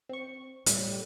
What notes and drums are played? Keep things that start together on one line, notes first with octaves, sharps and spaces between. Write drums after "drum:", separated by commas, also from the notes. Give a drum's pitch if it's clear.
C4 C#6
A2 G3, drum: hi-hat